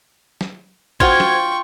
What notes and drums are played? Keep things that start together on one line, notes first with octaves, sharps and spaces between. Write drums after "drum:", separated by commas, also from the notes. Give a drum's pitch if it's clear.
drum: snare
F4 F#4 C5 G5 C#6 G#6, drum: kick A1
drum: snare